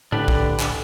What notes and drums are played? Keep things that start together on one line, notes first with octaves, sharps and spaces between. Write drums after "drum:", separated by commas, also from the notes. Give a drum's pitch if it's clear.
A2 D3 D4 G4 B4
drum: kick
drum: clap